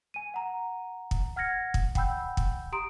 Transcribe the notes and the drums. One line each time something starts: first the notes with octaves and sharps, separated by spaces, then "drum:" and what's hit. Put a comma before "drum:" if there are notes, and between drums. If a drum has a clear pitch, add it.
G#5 D#7
F#5 A#5
drum: kick
F#5 F6 G#6 A#6 C#7
drum: kick
F#5 G5 B5 E6 G6, drum: kick
drum: kick
G4 A#5 C6 D#6 D7